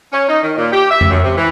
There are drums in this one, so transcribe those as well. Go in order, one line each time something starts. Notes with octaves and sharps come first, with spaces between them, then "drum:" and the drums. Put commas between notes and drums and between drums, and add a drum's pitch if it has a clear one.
C#4
D#4
D#3
A#2
G4
E5
drum: tom F2
F#2
C3
E3